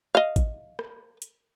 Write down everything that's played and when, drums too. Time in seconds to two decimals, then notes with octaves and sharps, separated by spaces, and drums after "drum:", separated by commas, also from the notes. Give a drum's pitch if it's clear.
0.15 D#5 F5
0.36 drum: kick, hi-hat
0.79 drum: rim click
1.22 drum: hi-hat